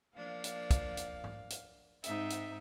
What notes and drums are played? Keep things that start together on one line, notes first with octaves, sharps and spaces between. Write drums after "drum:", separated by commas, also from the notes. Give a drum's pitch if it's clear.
F3 A#3 D4 F5
drum: hi-hat
drum: kick, hi-hat
drum: hi-hat
drum: tom G#2
drum: hi-hat
G#2 C4 D#4 E5, drum: hi-hat
drum: hi-hat